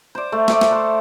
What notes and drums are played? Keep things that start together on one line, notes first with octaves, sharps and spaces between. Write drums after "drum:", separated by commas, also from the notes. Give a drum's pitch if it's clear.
C5 D5
A3
E5 D6, drum: snare
drum: snare
A4 F#5 C6